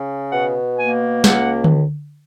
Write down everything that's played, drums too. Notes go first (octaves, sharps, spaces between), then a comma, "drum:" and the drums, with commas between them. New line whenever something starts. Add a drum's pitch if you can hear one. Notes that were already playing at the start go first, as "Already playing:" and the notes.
Already playing: C#3
B2 F#5
A#3 G#5
C#2 F#5, drum: snare
drum: tom D3